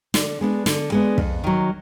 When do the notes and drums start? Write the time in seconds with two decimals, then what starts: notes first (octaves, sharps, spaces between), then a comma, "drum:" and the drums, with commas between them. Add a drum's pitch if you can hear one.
0.14 D3, drum: snare
0.41 G#3 B3 D4
0.66 D3, drum: snare
0.92 G#3 B3 D4
1.18 F2, drum: kick
1.44 D#3 F#3